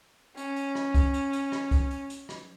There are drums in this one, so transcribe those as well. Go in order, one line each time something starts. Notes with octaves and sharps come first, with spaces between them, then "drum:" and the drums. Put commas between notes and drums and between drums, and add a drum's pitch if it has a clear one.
C#4, drum: hi-hat
drum: hi-hat
drum: rim click
drum: kick, hi-hat
drum: hi-hat
drum: hi-hat
drum: rim click
drum: kick, hi-hat
drum: hi-hat
drum: hi-hat
drum: rim click